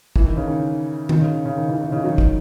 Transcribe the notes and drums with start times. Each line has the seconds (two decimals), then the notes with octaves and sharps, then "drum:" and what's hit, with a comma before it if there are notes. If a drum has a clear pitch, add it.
0.16 E3, drum: kick
0.25 D#3
0.37 C#3
0.47 D#3
1.09 D#3, drum: tom D#3
1.21 C#3
1.45 C#3
1.57 D#3
1.69 C#3 E3
1.81 D#3
1.92 C#3 E3
2.04 D#3 F#3
2.18 drum: kick